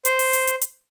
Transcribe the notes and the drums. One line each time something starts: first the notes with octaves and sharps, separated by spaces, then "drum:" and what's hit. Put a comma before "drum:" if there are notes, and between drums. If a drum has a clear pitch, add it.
C5, drum: hi-hat
drum: open hi-hat
drum: hi-hat
drum: hi-hat
drum: hi-hat